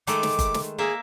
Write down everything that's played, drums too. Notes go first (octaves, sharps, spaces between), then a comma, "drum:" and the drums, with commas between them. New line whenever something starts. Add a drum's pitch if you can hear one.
D#3 G#3 A3 D6, drum: hi-hat
drum: snare
drum: kick G1, hi-hat
drum: snare
A#3 G#4 E5